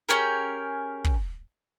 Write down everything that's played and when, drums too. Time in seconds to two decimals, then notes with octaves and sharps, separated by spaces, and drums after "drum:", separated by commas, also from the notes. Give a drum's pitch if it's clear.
0.09 C#4 G4 G#4 A#4
1.04 drum: kick